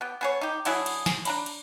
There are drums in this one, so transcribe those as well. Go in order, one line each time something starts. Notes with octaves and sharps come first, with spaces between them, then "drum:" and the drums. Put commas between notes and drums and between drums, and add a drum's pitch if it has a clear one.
B3 G4
B3 G#4 C#5
D#4 G4
D3 F#3 E4 G#4, drum: cymbal
drum: cymbal
G#4, drum: snare
D4 A#5 B5, drum: cymbal
drum: cymbal